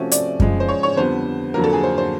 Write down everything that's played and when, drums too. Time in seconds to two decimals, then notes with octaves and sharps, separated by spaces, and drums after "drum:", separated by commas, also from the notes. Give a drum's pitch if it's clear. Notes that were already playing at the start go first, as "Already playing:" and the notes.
Already playing: C3 F3 A3 C#4 F#4
0.12 D5, drum: hi-hat
0.40 C#3 F3 G#3, drum: kick F#2
0.60 C5
0.69 C#5
0.83 C#5
0.97 F2 D3 G3 B3 C5
1.54 F2 D3 F#3 A#3 A#4
1.64 A4
1.73 G#4
1.83 C5
1.98 C5